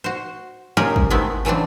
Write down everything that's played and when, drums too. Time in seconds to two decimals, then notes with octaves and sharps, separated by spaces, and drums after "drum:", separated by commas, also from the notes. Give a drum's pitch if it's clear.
0.04 F#4 C5
0.77 A#3 C#4 F4 G4 G#4 A#4
0.96 drum: kick
1.10 D#3 G#3 A3 B3 C4 E4
1.45 C#3 E3 F#3 C4 D4